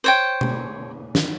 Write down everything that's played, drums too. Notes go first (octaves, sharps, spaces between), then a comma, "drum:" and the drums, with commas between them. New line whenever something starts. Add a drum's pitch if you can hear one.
C5 C#5 G5
drum: tom B2
drum: snare